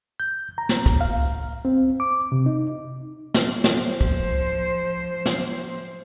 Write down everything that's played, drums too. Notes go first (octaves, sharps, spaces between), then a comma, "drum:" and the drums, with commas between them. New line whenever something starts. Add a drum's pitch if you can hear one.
G6
A#5
drum: snare
drum: kick
F5
C4
D6
C3
D#4
drum: snare
drum: snare
F3 C5, drum: hi-hat
drum: kick
drum: snare